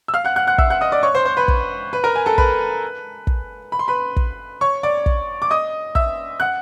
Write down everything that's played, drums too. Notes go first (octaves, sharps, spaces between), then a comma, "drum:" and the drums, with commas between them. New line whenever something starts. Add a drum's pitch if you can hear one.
E6
F5 F6
F#5 F#6
F#5 F#6
F#5 F#6
E5 E6, drum: kick
F#5 F#6
D#5 D#6
D5 D6
C#5 C#6
C5 C6
C5 C6
B4 B5
drum: kick
B4 B5
A#4 A#5
G#5
A4 A5
B4 B5, drum: kick
drum: kick
B5
C6
B4 B5
drum: kick
C#5 C#6
D5 D6
drum: kick
D6
D#5 D#6
E5 E6, drum: kick
F#5 F#6